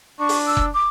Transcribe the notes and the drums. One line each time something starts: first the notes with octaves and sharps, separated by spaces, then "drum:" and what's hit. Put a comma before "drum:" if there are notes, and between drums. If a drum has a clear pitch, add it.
D4 C#6
drum: open hi-hat
E6
drum: kick F1
D6